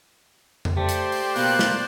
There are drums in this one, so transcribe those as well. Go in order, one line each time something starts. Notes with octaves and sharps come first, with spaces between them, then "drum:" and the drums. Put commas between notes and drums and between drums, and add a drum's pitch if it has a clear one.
drum: tom F2
A3 G4 C5 D5
drum: hi-hat
drum: open hi-hat
B2 A#3 F#6, drum: open hi-hat
drum: snare